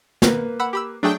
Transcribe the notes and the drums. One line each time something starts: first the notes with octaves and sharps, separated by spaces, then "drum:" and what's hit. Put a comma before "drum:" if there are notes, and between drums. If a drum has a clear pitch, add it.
A#3 B4, drum: snare
F#5 B5 E6
G4 B5 E6
F#3 A3 D4 G#4 G5